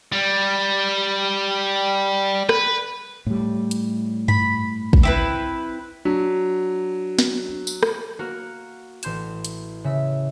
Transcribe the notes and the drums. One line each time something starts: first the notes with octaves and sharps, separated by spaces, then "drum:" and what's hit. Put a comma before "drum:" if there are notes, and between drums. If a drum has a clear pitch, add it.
G3
B4, drum: rim click
A2 G3
drum: hi-hat
B5, drum: tom G2
drum: kick
C4 E4 B4
F#3 D4
drum: snare
drum: tambourine
drum: rim click
A#3 F#4 A#4
A1 C6 G6 E7, drum: hi-hat
drum: hi-hat
C#3 E5